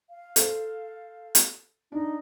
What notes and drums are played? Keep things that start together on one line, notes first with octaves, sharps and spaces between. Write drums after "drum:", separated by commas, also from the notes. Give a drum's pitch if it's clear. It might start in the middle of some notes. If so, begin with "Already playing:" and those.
F5
A4 C5, drum: hi-hat
drum: hi-hat
D4 D#4